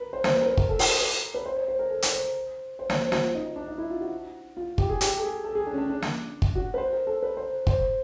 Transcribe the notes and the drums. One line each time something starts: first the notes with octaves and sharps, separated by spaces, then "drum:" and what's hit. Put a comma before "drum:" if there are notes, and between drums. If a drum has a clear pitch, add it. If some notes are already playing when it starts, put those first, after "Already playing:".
Already playing: A#4 B4
C5
C5, drum: snare
B4
A#4
B4
A#4, drum: kick
A4
A#4, drum: open hi-hat
A#4
B4
B4
C5
C#5
C5
A#4
A4
drum: hi-hat
C5
C5
C#5, drum: snare
C5
F#4, drum: snare
F4
D#4
D#4
D4
D#4
E4
F4
F#4
F4
G4, drum: kick
G#4
G4, drum: hi-hat
A4
G#4
A4
G#4
D4
C#4
D4
D4
drum: snare
drum: kick
F#4
B4
C5
A#4
A4
B4
C5
C5, drum: kick